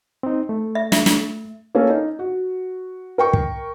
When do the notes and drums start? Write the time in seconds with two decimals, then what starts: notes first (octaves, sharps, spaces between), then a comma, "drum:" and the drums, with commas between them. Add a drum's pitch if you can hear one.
0.23 C4 D#4
0.49 A3
0.75 E5
0.92 E5, drum: snare
1.06 drum: snare
1.75 A#3 C#4 A4
1.89 D#4
2.19 F#4
3.18 A#4 G5 C#6
3.33 drum: kick